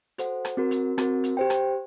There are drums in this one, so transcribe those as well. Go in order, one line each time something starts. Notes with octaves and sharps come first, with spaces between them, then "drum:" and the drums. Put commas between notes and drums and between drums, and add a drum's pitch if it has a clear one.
F#4 A4 C5 F#5, drum: hi-hat
drum: rim click
C4 F#4 A#4
drum: hi-hat
C4 F#4 A#4, drum: rim click
drum: hi-hat
G4 C5 G5
drum: rim click